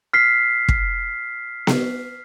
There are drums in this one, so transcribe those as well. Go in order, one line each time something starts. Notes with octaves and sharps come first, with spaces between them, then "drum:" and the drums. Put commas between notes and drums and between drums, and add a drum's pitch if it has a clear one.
F6 B6 C7
drum: kick
drum: snare B3